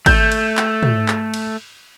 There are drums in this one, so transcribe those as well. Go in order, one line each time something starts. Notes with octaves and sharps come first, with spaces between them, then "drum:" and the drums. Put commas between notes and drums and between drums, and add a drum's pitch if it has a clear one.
A3 G6, drum: kick, cymbal
drum: cymbal
drum: clap
drum: tom
drum: clap
drum: cymbal